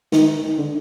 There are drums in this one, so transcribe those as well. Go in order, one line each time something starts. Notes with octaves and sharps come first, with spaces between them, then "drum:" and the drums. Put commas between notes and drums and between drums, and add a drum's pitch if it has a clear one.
D#3, drum: snare
D3